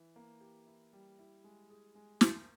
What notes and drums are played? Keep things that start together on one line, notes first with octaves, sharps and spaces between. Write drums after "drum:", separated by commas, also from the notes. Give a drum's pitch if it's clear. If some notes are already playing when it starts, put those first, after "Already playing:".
Already playing: E3
A#3
G4
E4
G3
E4
G#3
G#4
G#3
A#3, drum: snare